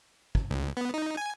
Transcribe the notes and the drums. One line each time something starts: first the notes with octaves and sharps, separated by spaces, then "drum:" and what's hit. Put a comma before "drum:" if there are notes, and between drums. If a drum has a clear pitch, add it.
drum: kick
C#2
B3
D#4
G#5